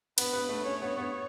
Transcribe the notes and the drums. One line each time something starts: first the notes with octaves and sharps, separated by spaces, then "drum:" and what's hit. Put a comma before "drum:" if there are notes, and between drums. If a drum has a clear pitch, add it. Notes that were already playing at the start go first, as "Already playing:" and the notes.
B3 B4, drum: cymbal
B3
A3
C#4 C#5
B3
B3